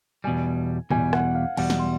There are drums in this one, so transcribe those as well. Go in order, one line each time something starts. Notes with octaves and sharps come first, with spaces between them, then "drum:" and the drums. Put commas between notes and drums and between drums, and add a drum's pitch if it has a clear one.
E2 B2 G3 G#5
E2 B2 G3 G#5, drum: tom G#2
F#5, drum: rim click
F5
E2 B2 G3 F#5, drum: cymbal
drum: snare
C6